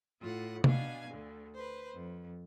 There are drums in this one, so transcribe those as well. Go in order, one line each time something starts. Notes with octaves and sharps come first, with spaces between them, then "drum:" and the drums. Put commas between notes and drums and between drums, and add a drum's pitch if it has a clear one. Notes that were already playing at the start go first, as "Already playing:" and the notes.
A2 F4 F#5
B2 D4 F5 G#5, drum: tom C3
D2 D3
B4 C5
F2